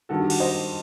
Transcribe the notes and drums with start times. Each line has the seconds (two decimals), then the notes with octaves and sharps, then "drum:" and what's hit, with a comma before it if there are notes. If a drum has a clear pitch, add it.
0.09 G2 D#3 F#3 F#4 A4
0.20 G4
0.30 F#4, drum: cymbal
0.40 C5 D#5